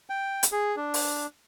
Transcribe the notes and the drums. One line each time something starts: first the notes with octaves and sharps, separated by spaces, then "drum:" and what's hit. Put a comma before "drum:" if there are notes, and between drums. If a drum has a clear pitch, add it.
G5
drum: hi-hat
G#4
D4
drum: open hi-hat